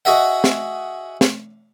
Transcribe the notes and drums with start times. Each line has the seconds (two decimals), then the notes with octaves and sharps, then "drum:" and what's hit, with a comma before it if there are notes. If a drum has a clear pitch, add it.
0.05 F#4 G#4 D#5 E5 F#5
0.44 drum: snare
1.21 drum: snare